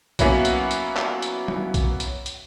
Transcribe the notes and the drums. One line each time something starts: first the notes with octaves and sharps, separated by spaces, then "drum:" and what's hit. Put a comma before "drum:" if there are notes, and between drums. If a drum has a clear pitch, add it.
F#3 A#3 B3 C#4 E4 F#4, drum: kick B1, hi-hat
drum: hi-hat
drum: hi-hat
drum: clap
drum: hi-hat
drum: tom
drum: kick B1, hi-hat
drum: hi-hat
drum: hi-hat